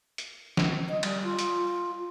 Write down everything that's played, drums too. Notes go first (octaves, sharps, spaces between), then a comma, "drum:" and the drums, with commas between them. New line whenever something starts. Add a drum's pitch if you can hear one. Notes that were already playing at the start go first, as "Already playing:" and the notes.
drum: hi-hat
drum: snare
D#5
G3, drum: cymbal
F4
drum: hi-hat